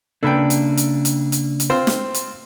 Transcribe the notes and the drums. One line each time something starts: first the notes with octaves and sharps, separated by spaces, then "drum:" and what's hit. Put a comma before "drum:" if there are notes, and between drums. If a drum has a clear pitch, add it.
C#3 A#3 D4 A4 B4 G5
drum: hi-hat
drum: hi-hat
drum: hi-hat
drum: hi-hat
drum: hi-hat
C4 F4 C5
drum: snare
drum: hi-hat